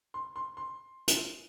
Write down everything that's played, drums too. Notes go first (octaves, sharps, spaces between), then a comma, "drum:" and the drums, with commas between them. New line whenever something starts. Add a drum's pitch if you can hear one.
C6
C6
C6
drum: hi-hat